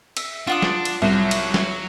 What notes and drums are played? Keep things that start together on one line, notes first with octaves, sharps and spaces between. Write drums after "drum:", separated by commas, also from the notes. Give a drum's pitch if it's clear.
E5, drum: cymbal
D4 F4 F#5 D#6
drum: snare
drum: cymbal
C2 F#3 F#4
drum: cymbal
drum: snare